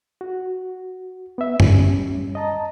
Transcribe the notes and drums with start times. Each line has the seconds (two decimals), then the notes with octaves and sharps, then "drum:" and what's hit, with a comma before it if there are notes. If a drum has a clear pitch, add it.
0.21 F#4
1.38 B3 E5
1.60 G3 C#4, drum: tom F#2
2.35 D#5 A5 A#5